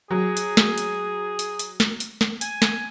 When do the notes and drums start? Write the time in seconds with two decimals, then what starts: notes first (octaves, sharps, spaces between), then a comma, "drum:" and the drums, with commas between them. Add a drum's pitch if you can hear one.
0.11 F#3 G#4
0.37 drum: hi-hat
0.57 drum: snare
0.78 drum: hi-hat
1.39 drum: hi-hat
1.59 drum: hi-hat
1.80 drum: snare
2.00 drum: hi-hat
2.21 drum: snare
2.41 G#5, drum: hi-hat
2.62 drum: snare